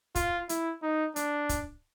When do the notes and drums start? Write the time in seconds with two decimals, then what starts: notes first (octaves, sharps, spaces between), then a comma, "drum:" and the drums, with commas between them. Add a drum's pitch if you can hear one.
0.15 F4, drum: kick, hi-hat
0.49 E4, drum: hi-hat
0.83 D#4
1.16 D4, drum: hi-hat
1.49 drum: kick, hi-hat